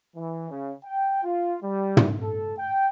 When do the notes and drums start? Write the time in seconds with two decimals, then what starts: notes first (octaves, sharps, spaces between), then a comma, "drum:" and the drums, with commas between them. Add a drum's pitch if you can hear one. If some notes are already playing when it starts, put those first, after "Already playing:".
0.16 E3
0.50 C#3
0.85 G5
1.23 F4
1.62 G3
1.97 drum: tom
2.21 A4
2.59 G5